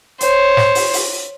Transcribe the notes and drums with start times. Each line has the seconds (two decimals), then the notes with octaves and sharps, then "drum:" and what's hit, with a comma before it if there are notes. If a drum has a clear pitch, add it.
0.21 C5 C#5, drum: hi-hat
0.57 drum: snare
0.75 drum: open hi-hat
0.93 drum: open hi-hat